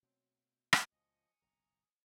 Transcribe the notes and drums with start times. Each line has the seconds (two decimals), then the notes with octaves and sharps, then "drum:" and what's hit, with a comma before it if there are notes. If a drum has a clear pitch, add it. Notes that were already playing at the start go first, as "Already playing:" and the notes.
0.02 B2 F#3 A3 C4 C#4
0.73 drum: rim click
0.92 C#2 A#2 F3 D#5 G#5 C#6 D#6
1.42 F#1 B1 C3 A#5